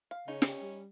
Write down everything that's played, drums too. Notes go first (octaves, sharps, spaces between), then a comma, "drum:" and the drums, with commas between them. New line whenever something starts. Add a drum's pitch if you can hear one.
F5
C#3 C#4 D#4
drum: snare
G3